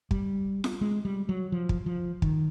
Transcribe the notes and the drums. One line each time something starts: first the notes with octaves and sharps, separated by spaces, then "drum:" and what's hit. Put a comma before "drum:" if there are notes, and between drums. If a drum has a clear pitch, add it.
G3, drum: kick
drum: snare
G#3
G3
F#3
F3
drum: kick
F3
D#3, drum: kick